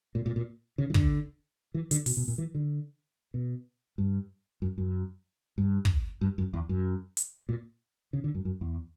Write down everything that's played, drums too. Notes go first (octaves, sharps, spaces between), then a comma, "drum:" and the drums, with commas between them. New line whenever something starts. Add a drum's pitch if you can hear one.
A#2
A#2
A#2
C#3
E3
D3, drum: kick
E3
D3, drum: hi-hat
B2, drum: open hi-hat
B2
A#2
E3
D3
B2
G2
F#2
F#2
G2
drum: kick
G2
F#2
E2
F#2
drum: hi-hat
A#2
C#3
D3
F#2
F#2
E2